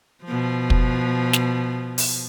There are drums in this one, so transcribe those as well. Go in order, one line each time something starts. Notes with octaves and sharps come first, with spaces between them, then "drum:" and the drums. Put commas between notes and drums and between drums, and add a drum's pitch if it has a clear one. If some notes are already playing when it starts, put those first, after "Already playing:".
B2 F3
drum: kick
drum: snare
drum: open hi-hat